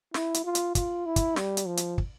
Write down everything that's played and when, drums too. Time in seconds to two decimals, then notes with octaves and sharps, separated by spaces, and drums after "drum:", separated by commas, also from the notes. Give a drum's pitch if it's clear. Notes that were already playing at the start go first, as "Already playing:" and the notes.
0.14 E4, drum: snare
0.34 drum: hi-hat
0.44 F4
0.55 drum: hi-hat
0.75 F4, drum: kick, hi-hat
1.06 E4
1.16 drum: kick, hi-hat
1.36 G3, drum: snare
1.57 drum: hi-hat
1.67 F3
1.77 drum: hi-hat
1.98 drum: kick